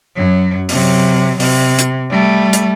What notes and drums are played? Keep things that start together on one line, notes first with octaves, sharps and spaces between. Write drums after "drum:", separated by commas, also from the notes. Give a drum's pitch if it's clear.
F#2 F#3
C3 F#3, drum: open hi-hat
C3, drum: open hi-hat
drum: hi-hat
G3 A3
drum: hi-hat